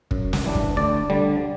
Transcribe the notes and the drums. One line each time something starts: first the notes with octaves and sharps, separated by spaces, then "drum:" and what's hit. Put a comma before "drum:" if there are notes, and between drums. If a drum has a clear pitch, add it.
F#2, drum: kick
drum: snare
E3 G3 D4
drum: kick
D2 D5
D3 G3